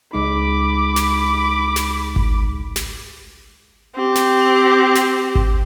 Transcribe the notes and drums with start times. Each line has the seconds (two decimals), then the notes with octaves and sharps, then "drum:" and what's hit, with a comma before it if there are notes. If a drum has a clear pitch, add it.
0.13 C#2 G#3 D#4 B5 D6
0.96 drum: snare
1.76 drum: snare
2.16 drum: kick G#1
2.76 drum: snare
3.96 C4 G4
4.16 drum: snare
4.95 drum: snare
5.35 drum: kick G#1